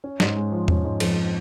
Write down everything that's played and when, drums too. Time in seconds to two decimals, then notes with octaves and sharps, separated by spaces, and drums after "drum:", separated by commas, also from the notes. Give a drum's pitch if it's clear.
0.04 C#4
0.20 G#2, drum: snare
0.36 G#3
0.52 F3
0.68 C#4, drum: tom E2
0.84 G#2
1.00 F2, drum: cymbal